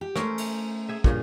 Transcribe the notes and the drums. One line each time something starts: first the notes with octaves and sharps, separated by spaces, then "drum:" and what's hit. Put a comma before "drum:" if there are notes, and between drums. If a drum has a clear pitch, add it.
G4
A3 C#4 A#4 C5, drum: rim click
drum: cymbal
G#4 E5
G2 A#2 C#3, drum: kick